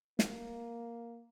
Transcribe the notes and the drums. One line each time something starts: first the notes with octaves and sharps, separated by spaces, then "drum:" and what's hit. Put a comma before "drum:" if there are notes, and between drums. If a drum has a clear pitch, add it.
A#3, drum: snare